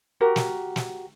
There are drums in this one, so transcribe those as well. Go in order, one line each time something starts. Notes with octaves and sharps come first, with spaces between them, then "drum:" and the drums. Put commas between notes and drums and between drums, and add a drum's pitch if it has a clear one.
F#4 G4 A#4
drum: snare
drum: snare